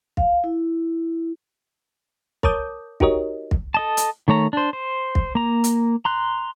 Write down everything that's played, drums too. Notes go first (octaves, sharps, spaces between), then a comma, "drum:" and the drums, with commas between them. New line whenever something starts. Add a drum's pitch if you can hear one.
F5, drum: kick
E4
A#4 C#5 A5 D6 D#6 G6, drum: kick
D#4 F#4 G4 A#4 C#5 D#5, drum: kick
drum: kick
A4 D#5 A5
drum: hi-hat
D#3 A3 C#5 A#5
D4 C5
C5
drum: kick
A#3 A#5
drum: hi-hat
A#5 C6 F#6